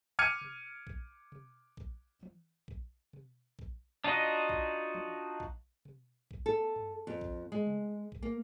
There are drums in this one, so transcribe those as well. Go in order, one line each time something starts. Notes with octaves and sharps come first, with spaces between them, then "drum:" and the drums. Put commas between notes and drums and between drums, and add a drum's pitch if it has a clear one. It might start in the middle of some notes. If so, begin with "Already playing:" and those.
D6 F6 G#6 C#7 D#7
drum: tom B2
drum: kick A#1
drum: tom B2
drum: kick A#1
drum: tom E3
drum: kick A#1
drum: tom B2
drum: kick A#1
D4 D#4 F4 F#4 D#5, drum: tom B2
drum: kick A#1
drum: tom E3
drum: kick A#1
drum: tom B2
drum: kick A#1
A4
drum: tom F#2
F2
drum: kick A#1
G#3
drum: tom C3
drum: kick A#1
A#3